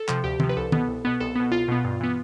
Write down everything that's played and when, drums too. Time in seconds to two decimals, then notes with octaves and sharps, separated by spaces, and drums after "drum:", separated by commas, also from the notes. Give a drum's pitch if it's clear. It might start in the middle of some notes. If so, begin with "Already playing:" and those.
Already playing: A4
0.08 C3 F3, drum: clap
0.24 D2 G4
0.40 C3 F3, drum: tom
0.49 B4
0.57 C2 A4
0.72 B2 B3, drum: tom
0.88 C2
1.05 B2 B3
1.20 C2 A4
1.36 B2 B3
1.52 C2 F4
1.68 B2 B3
1.85 G2
2.00 E3 B3